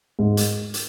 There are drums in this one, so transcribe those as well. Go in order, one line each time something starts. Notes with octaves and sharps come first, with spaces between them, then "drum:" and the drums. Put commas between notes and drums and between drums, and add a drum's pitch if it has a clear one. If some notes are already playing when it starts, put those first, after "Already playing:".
G#2
drum: hi-hat
drum: hi-hat